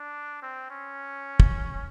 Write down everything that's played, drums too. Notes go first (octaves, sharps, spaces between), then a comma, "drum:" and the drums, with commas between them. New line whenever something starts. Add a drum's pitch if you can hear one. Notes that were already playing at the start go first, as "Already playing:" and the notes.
Already playing: D4
C4
C#4
drum: kick